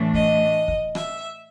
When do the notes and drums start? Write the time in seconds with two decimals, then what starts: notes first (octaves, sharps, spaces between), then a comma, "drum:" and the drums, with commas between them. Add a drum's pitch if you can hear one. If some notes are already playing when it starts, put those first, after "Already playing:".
Already playing: A2 E3 A3 D4
0.14 D#5, drum: kick
0.68 drum: kick
0.95 E5, drum: rim click